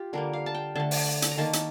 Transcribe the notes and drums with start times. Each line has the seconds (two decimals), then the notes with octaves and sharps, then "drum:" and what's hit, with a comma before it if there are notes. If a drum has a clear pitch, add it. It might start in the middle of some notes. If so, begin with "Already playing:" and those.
Already playing: F4 G4
0.13 D3 G3 A#3 A#4
0.33 F5
0.46 A5
0.55 G5
0.75 D3 A3 A5
0.91 drum: open hi-hat
1.22 drum: hi-hat
1.31 A#5
1.38 D#3 A#3 A5
1.53 drum: hi-hat